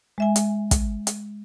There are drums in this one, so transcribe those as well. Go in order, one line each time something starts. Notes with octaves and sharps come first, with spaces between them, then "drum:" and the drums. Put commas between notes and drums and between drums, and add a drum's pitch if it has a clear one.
G#3 E5 G#5
drum: hi-hat
drum: kick, hi-hat
drum: hi-hat